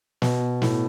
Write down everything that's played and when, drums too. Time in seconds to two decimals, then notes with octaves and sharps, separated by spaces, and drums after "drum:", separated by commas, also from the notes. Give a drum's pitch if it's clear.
0.22 B2, drum: snare
0.62 A2, drum: snare